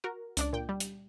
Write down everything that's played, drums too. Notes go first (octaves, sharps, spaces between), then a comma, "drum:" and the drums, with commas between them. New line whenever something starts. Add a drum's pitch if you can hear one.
F#4 A#4
C#2 D4 D5, drum: hi-hat
A#2 G5
G3
drum: hi-hat